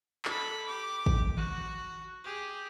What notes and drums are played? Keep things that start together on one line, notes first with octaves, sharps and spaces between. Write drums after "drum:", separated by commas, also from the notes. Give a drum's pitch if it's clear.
A4 B5, drum: clap
G4 D6
drum: kick
F#4, drum: tom D#3
G4 G#4